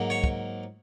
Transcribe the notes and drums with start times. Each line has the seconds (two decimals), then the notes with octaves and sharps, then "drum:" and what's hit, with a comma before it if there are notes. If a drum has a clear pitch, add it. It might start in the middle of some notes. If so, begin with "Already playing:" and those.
Already playing: G#2 F#3 A#3
0.10 C#5
0.24 drum: kick